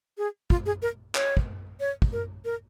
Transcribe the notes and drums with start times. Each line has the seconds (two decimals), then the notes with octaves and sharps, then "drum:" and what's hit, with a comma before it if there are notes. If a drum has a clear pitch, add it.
0.18 G#4
0.50 F4, drum: kick
0.66 G#4
0.82 A#4
1.15 C#5, drum: clap
1.37 drum: kick
1.80 C#5
2.02 drum: kick
2.12 A#4
2.45 A#4